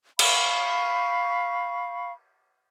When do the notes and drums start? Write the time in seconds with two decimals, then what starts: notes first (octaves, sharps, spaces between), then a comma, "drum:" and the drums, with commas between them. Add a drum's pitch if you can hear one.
0.19 F5 B5 C#6, drum: cymbal